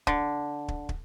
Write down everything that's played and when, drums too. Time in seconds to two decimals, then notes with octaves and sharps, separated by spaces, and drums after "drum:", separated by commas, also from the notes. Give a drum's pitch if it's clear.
0.07 D3, drum: kick
0.68 drum: kick
0.89 drum: kick